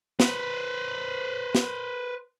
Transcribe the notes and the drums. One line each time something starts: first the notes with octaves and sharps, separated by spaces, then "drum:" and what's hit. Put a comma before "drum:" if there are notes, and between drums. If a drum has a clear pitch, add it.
B4 C5, drum: snare
drum: snare